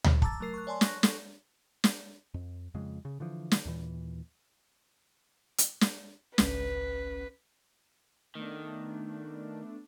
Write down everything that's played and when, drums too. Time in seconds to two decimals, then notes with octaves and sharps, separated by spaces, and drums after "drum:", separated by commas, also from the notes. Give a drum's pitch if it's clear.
0.04 drum: tom D2
0.22 A5 A#5 D6 E6 A6, drum: kick
0.40 F#3 A3 A#4 C7
0.54 C#6 F#6
0.67 C#5 D5 G#5 A5 C6
0.81 C#6 F#6 A#6, drum: snare
1.03 A4 C#6, drum: snare
1.84 drum: snare
2.34 F2
2.74 F2 C#3 G#3
3.05 C#3
3.20 D3 E3 F3
3.51 drum: snare
3.65 D#2 A#2 E3
5.58 drum: hi-hat
5.81 drum: snare
6.38 G#1 C#2 C#4 B4, drum: snare
8.35 D#3 A3 B3 D4